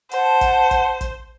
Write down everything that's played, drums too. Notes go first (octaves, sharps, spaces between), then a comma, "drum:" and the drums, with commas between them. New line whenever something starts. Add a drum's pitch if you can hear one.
C5 F#5 A5, drum: hi-hat
drum: kick, hi-hat
drum: kick, hi-hat
drum: kick, hi-hat